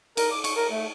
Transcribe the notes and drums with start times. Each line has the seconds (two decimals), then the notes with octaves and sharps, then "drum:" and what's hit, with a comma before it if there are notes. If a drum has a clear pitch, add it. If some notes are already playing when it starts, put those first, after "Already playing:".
0.17 A#4, drum: cymbal
0.31 D6
0.44 C#6, drum: cymbal
0.57 A#4
0.71 A3